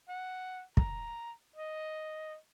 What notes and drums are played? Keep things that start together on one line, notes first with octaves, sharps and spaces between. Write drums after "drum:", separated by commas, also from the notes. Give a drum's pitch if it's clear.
F#5
A#5, drum: kick
D#5